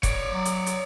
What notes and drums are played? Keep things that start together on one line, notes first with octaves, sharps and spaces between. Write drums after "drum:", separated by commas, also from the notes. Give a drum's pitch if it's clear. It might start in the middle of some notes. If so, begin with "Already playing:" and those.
C#5 D5, drum: kick F1, hi-hat
F#3
drum: hi-hat
drum: hi-hat